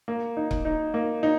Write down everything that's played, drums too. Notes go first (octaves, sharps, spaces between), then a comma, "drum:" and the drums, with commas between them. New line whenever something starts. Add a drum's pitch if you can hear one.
A#3
D#4
drum: kick C#1
D#4
A#3
D#4